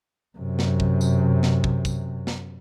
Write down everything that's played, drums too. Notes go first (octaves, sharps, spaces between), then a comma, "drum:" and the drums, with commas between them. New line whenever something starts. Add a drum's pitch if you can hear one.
F#2 C3
drum: snare
drum: kick
drum: tambourine
drum: snare
drum: kick
drum: kick, tambourine
drum: snare